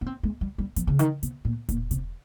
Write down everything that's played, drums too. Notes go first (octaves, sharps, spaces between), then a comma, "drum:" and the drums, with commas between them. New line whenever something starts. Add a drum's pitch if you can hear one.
C#4
C4
G#3
G3
G3
F3, drum: hi-hat
C#3
D#3, drum: hi-hat
C3, drum: hi-hat
A#2
A#2, drum: kick E1, hi-hat
C3, drum: hi-hat